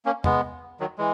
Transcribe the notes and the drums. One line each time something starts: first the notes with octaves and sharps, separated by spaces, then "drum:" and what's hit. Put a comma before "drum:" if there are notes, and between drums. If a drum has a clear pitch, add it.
A#3 C#4
G#3 B3, drum: tom E2
D#3 F#3
E3 G#3